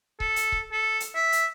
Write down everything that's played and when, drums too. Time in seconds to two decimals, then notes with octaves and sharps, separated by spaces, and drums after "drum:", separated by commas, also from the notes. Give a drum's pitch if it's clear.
0.20 A4, drum: kick C#1
0.36 drum: hi-hat
0.52 drum: kick C#1
0.72 A4
1.00 drum: hi-hat
1.15 E5
1.32 drum: hi-hat